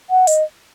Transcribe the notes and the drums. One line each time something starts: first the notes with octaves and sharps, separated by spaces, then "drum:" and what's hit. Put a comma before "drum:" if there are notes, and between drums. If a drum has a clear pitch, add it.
F#5
D#5, drum: hi-hat